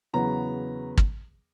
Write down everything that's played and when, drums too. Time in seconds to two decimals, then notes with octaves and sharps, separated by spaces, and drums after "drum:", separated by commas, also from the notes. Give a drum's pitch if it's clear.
0.13 E2 C#3 F#3 B3 A#5
0.97 drum: kick